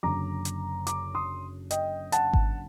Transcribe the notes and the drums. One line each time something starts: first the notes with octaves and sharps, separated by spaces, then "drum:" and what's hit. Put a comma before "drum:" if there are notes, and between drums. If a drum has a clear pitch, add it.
F#1 F#2 D3 A#5 D6
drum: hi-hat
A#5 D6, drum: hi-hat
C6 D#6
D#5 G5, drum: hi-hat
F#5 A5, drum: hi-hat
drum: kick G#1